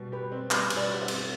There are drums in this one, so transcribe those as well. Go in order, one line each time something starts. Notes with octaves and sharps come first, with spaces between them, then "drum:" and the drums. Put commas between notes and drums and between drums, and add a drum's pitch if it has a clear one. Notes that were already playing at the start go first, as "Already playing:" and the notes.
Already playing: B2 G3
G4 B4
C4
G3 B4, drum: clap
B2, drum: cymbal
B4 D5
G4
C5 E5
C4, drum: cymbal